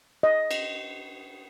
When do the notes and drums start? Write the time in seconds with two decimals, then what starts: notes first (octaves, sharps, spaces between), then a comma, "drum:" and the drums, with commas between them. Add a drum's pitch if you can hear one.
0.23 D#5
0.51 drum: cymbal